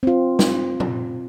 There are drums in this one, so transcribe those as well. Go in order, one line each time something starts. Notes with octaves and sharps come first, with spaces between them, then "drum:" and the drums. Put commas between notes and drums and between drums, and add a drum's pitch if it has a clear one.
C4 F4
drum: snare
drum: tom A#2